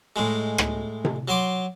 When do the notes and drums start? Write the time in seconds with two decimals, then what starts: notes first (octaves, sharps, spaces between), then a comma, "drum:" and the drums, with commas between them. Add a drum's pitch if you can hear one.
0.16 A2 G#3
0.58 drum: rim click
1.05 drum: tom C3
1.28 F#3 C6 D6